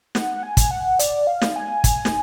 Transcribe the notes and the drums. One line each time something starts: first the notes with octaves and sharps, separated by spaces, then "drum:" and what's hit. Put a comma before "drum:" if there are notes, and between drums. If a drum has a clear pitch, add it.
F#5, drum: snare
G#5
drum: kick, hi-hat
F#5
D5, drum: hi-hat
F5
drum: snare
G#5
drum: kick, hi-hat
drum: snare